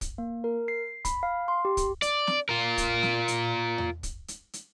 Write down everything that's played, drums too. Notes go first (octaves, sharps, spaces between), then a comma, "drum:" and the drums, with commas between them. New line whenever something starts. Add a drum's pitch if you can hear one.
drum: kick, hi-hat
A#3
A#4
C7
B5, drum: kick, hi-hat
F5
C6
G4
drum: kick, hi-hat
D5, drum: hi-hat
drum: snare
F4 A#4
drum: kick, hi-hat
drum: snare
drum: hi-hat
drum: tom E2
drum: kick, hi-hat
drum: hi-hat
drum: hi-hat